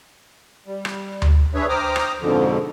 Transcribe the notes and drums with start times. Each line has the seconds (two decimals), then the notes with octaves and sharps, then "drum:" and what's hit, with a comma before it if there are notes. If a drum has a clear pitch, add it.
0.66 G3
0.85 drum: rim click
1.22 drum: tom D2
1.54 D4 G#4 B4 C#5 E5
1.69 C5 G5 A#5 D6 D#6 F6
1.96 drum: rim click
2.21 F2 G#2 B2 D3 F3